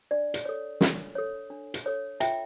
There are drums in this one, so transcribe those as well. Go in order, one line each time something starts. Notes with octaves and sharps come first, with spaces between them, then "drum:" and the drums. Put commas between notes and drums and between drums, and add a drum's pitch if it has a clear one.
D4 D5
drum: hi-hat
A4 C#5
D4, drum: snare
A4 C#5
D4
drum: hi-hat
A4 C#5
F4 E5 G5, drum: hi-hat